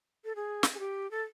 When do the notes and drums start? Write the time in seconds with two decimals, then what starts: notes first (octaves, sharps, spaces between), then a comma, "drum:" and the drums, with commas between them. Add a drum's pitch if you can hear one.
0.25 A4
0.36 G#4
0.63 drum: snare
0.74 G#4
0.79 G4
1.11 A4